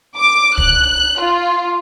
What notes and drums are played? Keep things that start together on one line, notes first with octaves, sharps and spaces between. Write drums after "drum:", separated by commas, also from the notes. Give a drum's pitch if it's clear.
D6
F#6, drum: kick
F4